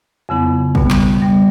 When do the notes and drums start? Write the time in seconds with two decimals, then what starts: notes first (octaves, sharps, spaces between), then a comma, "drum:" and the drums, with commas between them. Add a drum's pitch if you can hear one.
0.29 F2 C#3 F#3 B3 E4
0.75 B2 G3 B3, drum: kick
0.90 drum: clap
1.20 B2 G3 B3